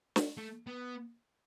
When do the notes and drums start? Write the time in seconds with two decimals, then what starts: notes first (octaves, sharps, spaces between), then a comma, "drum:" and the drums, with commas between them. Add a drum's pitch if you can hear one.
0.16 drum: snare
0.37 A3
0.67 B3